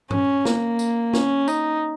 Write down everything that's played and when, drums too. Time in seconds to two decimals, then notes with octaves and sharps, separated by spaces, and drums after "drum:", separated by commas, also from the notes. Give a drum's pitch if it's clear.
0.10 C#4, drum: tom G2
0.45 A#3, drum: snare
0.79 drum: tambourine
1.13 C#4, drum: snare
1.48 D#4, drum: tambourine